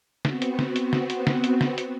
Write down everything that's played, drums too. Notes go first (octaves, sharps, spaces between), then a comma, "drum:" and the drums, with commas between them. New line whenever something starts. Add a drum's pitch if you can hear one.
B3 C4 F#4, drum: snare
drum: hi-hat
drum: snare
drum: hi-hat
drum: snare
drum: hi-hat
drum: snare
drum: hi-hat
drum: snare
drum: hi-hat